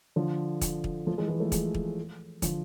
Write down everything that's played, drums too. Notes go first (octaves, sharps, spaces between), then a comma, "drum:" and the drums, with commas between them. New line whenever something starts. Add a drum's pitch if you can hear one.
D3 F3
drum: kick, hi-hat
drum: kick
F3 A3
E3 G#3
E3 G#3
F3 A3
E3 G#3, drum: kick, hi-hat
drum: kick
D3 F3, drum: kick, hi-hat